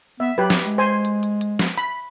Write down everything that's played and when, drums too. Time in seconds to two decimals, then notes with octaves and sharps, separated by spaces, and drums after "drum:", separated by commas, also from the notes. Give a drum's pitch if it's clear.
0.20 B3 E5
0.38 F#3 G4 B4
0.50 drum: snare
0.65 G#3
0.78 C5 G#5
1.05 drum: hi-hat
1.23 drum: hi-hat
1.41 drum: hi-hat
1.59 drum: snare
1.78 B5, drum: hi-hat